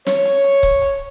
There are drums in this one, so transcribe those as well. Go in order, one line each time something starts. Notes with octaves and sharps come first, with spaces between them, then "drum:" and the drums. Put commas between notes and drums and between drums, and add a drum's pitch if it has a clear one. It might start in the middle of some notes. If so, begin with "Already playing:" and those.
C#5, drum: snare
drum: hi-hat
drum: hi-hat
drum: kick C#1, hi-hat
drum: hi-hat